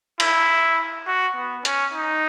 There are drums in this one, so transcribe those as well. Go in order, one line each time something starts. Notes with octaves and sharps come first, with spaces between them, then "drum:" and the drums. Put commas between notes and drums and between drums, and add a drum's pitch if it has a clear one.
E4, drum: cymbal
F#4
B3
C#4, drum: hi-hat
D#4